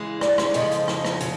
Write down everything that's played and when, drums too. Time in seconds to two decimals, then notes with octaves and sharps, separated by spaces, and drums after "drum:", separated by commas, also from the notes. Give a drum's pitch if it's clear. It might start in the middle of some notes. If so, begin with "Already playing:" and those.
Already playing: C#3 E3 G#3
0.21 D5, drum: rim click
0.38 drum: rim click
0.54 F2 C#3 F3 D#5, drum: hi-hat
0.71 drum: hi-hat
0.88 drum: rim click
1.05 drum: rim click
1.21 C#3, drum: hi-hat